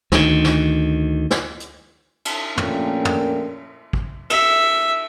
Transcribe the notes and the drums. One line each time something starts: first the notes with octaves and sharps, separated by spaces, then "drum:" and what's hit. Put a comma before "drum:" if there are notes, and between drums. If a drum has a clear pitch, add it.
D2 D#3, drum: snare
drum: snare
drum: snare
drum: hi-hat
drum: cymbal
A#1 A#2 A3 A#3 C#4 G5, drum: tom
drum: tom
drum: kick
E5, drum: cymbal